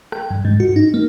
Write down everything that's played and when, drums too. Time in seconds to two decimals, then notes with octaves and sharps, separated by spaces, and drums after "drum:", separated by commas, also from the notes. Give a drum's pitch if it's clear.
0.12 G5, drum: rim click
0.30 G2
0.45 G#2
0.60 F#4, drum: tom G2
0.76 D#4
0.94 A#3